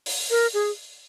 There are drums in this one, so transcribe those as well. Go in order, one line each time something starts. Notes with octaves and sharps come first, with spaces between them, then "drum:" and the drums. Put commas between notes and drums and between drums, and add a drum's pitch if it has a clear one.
drum: open hi-hat
A#4
G#4